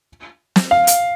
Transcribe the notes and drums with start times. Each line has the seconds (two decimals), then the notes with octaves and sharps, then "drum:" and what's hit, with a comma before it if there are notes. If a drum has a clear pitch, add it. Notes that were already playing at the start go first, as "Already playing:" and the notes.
0.56 drum: snare
0.71 F5
0.87 drum: hi-hat